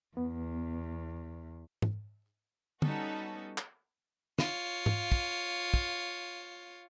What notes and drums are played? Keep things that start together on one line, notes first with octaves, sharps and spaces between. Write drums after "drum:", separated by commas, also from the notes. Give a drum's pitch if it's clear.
E2 B3
drum: tom
G3 B3 C#4 D#4 F#4 A4, drum: tom
drum: clap
F4 C#5, drum: snare
drum: tom
drum: kick
drum: kick